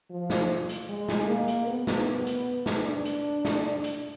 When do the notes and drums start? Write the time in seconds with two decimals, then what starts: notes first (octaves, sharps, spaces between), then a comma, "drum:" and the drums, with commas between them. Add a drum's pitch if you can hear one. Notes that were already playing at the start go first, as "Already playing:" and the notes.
0.11 F3
0.30 drum: snare
0.69 drum: hi-hat
0.89 G#3
1.09 drum: snare
1.28 A#3
1.48 drum: hi-hat
1.67 B3
1.87 drum: snare
2.27 drum: hi-hat
2.66 drum: snare
2.86 D4
3.05 drum: hi-hat
3.45 drum: snare
3.84 drum: hi-hat